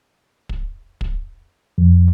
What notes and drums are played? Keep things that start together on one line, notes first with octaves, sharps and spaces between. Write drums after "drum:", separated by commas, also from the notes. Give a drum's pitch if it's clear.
drum: kick
drum: kick
F2